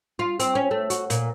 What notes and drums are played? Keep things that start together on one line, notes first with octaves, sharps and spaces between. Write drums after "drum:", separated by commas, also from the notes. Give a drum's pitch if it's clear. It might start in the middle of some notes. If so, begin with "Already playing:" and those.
F4
C4, drum: hi-hat
C#4
A3
F#4, drum: hi-hat
A#2, drum: hi-hat